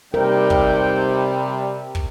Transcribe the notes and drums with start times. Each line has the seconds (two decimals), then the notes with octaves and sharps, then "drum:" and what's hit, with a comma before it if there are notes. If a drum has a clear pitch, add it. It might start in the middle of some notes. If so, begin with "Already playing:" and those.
0.14 G#2 C3 G3 D#4 A#4 G5
0.50 drum: kick
1.95 drum: kick